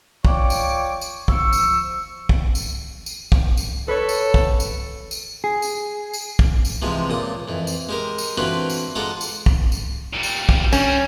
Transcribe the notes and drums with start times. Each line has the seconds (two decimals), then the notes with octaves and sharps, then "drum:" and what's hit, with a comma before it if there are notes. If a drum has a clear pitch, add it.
0.25 F4 C#5 D5 G5 C#6 D6, drum: kick
0.50 drum: tambourine
1.01 drum: tambourine
1.28 F3 C#6 E6, drum: kick
1.53 drum: tambourine
2.29 drum: kick
2.55 drum: tambourine
3.06 drum: tambourine
3.32 drum: kick
3.57 drum: tambourine
3.88 A4 B4 C#5
4.09 drum: tambourine
4.34 drum: kick
4.60 drum: tambourine
5.11 drum: tambourine
5.44 G#4
5.62 drum: tambourine
6.13 drum: tambourine
6.39 drum: kick
6.65 drum: tambourine
6.82 C3 E3 F3 G#3
7.10 C#2 A#2 D#6
7.48 F2 E3
7.67 drum: tambourine
7.89 G#3 G4 A#4
8.18 drum: tambourine
8.38 D3 E3 C4 F4 F#4 B4
8.70 drum: tambourine
8.95 G#3 F4 A4 F#5 A#5 D6
9.21 drum: tambourine
9.46 drum: kick
9.72 drum: tambourine
10.13 A#2 G3
10.23 drum: tambourine
10.49 drum: kick
10.73 G3 C#4, drum: tambourine